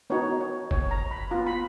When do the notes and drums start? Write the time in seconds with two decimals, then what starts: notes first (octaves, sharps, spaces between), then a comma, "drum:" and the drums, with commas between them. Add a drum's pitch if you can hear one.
0.10 B3 D#4 F#4 C#5
0.40 C#5
0.71 C#5, drum: kick F#1
0.91 A#5
1.11 B5
1.31 B3 F4 A#5
1.47 B5